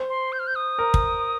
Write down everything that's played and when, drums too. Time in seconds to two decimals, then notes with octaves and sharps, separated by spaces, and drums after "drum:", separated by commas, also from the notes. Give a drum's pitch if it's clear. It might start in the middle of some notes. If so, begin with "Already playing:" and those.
Already playing: C5
0.09 C6
0.32 G6
0.39 F6
0.47 G6
0.56 D#6
0.79 A#4
0.94 drum: kick